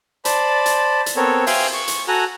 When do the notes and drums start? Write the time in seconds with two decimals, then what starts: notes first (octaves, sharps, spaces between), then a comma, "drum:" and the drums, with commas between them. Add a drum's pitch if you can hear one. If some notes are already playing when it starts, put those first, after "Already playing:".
0.25 C5 D5 A5 B5, drum: hi-hat
0.66 drum: hi-hat
1.06 drum: hi-hat
1.16 B3 C4 A4 A#4 C#5
1.47 C5 E5 F5 G5 G#5, drum: open hi-hat
1.74 C#6
1.88 drum: hi-hat
2.08 F#4 A4 G#5 A#5 F#6